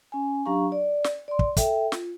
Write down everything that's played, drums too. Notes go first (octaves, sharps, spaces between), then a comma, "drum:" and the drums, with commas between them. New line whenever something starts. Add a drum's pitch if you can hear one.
C#4 G#5
F#3 D4 G4 F5 A#5 C#6
D5
drum: snare
D5 C6
drum: kick
A4 E5 G5, drum: kick, hi-hat
F4, drum: snare